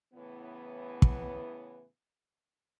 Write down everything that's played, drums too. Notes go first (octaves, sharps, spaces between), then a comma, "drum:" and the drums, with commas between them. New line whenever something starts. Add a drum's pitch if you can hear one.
A2 C#3 E3 B3
drum: kick